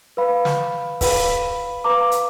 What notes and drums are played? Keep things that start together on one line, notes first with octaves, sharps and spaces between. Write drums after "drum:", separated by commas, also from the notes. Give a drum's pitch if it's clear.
B4 F5 B5
drum: snare
B4 F5 B5, drum: kick C#1, open hi-hat
B4 F5 A#5 D6
drum: hi-hat